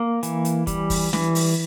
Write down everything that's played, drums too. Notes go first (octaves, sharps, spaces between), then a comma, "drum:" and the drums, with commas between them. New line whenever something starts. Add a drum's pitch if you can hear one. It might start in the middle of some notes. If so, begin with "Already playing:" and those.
Already playing: A#3
E3, drum: hi-hat
drum: hi-hat
G3, drum: kick, hi-hat
drum: kick, open hi-hat
E3, drum: snare
drum: open hi-hat